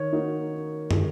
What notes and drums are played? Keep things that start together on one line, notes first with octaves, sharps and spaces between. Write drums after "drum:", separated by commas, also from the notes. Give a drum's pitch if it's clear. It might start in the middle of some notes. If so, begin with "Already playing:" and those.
Already playing: D#3 C#5
A#3 D#4 F#4
drum: tom